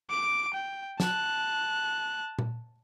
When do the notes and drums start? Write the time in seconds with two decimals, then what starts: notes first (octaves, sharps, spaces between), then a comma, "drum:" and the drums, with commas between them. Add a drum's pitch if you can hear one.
0.10 D6 D7
0.54 G5
1.00 A5 F#6, drum: snare
2.39 drum: tom A#2